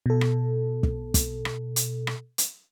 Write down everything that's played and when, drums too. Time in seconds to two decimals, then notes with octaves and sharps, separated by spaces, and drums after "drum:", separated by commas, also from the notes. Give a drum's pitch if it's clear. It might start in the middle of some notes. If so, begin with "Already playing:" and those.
0.06 B2 A4
0.21 drum: rim click
0.83 drum: kick
1.14 drum: kick, hi-hat
1.45 drum: rim click
1.76 drum: hi-hat
2.07 drum: rim click
2.38 drum: hi-hat